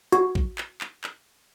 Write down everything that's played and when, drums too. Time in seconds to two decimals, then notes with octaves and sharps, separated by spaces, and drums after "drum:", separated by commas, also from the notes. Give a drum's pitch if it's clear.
0.12 F#4, drum: hi-hat
0.35 drum: kick A#1
0.58 drum: clap
0.81 drum: clap
1.04 drum: clap